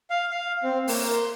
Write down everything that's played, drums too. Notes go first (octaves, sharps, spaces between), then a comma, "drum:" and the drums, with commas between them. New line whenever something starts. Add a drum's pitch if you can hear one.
F5
F5
C4
A#3, drum: open hi-hat
C6